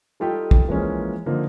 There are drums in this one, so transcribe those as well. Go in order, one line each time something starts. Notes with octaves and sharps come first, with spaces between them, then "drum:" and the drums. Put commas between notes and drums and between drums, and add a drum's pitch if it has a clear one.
G3 D#4 F4 G4 A4 G5
drum: kick
E3 F3 G#3 A#3 C#4
D3 F3 A#3 D#4